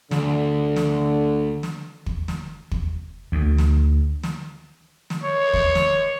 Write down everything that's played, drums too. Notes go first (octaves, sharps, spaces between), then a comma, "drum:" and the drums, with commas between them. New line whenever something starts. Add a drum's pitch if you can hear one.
D2 D3, drum: snare
drum: snare
drum: snare
drum: kick
drum: snare
drum: kick
D2
drum: snare
drum: snare
drum: snare
C#5
drum: kick
drum: snare